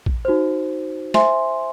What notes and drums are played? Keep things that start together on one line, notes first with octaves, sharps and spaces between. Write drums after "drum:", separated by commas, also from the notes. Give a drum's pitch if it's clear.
drum: kick A#1
D#4 F#4 C5
C5 E5 G#5 C6, drum: snare